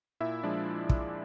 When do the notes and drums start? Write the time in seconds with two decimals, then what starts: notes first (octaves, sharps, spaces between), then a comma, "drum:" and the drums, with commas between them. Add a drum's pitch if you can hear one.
0.20 A#2 E4 E5
0.43 F3 G#3 D4 D5
0.89 drum: kick